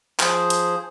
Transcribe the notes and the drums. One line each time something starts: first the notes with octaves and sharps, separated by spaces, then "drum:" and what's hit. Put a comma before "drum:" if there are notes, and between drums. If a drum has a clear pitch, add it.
F3 G#4 C5, drum: clap
drum: hi-hat